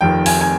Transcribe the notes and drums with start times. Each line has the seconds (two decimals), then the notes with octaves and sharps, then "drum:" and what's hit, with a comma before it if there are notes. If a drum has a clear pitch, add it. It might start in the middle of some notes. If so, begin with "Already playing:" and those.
0.01 F1 F2 D#3 G5
0.26 G#5, drum: open hi-hat
0.41 G#5